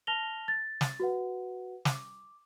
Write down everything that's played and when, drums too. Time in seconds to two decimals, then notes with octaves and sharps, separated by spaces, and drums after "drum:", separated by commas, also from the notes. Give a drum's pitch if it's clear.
0.07 A5 F6 A#6 F7 G7
0.48 A6
0.81 drum: snare
1.00 F#4 B4 F#5
1.85 D6, drum: snare